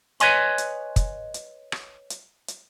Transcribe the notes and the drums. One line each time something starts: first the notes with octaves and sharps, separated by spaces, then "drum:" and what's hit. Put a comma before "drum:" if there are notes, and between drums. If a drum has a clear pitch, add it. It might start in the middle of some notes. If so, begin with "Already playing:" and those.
B4 C#5 D#5 G#5 C6, drum: hi-hat
drum: hi-hat
drum: kick, hi-hat
drum: hi-hat
drum: rim click
drum: hi-hat
drum: hi-hat